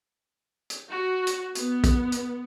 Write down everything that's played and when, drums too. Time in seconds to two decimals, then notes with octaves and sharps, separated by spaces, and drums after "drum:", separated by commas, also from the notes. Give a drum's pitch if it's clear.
0.70 drum: hi-hat
0.90 F#4
1.27 drum: hi-hat
1.55 B3, drum: hi-hat
1.84 drum: kick, hi-hat
2.12 drum: hi-hat